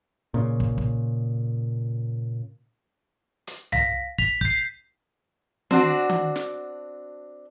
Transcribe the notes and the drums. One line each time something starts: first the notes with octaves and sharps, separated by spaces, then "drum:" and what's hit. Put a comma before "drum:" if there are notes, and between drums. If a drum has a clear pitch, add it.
A#2 C#3
drum: kick
drum: kick
drum: hi-hat
F5 A#6 B6, drum: tom C2
B6 F7, drum: kick
G6 C7, drum: kick
C4 D4 F#4, drum: tom D#3
drum: tom D#3
drum: snare